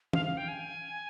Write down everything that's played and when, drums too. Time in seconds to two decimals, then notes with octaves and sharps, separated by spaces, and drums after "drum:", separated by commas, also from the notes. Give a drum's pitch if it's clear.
0.13 F5, drum: tom
0.25 F5
0.37 G5
0.48 G#5